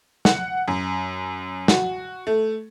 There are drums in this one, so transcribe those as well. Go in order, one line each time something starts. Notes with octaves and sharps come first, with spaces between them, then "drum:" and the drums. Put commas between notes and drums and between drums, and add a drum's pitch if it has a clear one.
F#5, drum: snare
F#2
F#4, drum: snare
A3